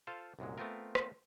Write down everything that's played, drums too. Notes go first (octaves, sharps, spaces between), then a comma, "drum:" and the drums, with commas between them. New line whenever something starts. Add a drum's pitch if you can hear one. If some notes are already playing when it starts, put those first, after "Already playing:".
F4 A4 C5 F5
C2 F#2 A#2 G#3
A3 B3 C4 F4 A#4
drum: rim click